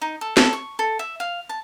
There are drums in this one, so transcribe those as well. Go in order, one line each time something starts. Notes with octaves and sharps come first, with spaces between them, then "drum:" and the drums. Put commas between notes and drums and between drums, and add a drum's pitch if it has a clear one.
D#4
A4
A4, drum: snare
C#6
A4
E5
F5
A5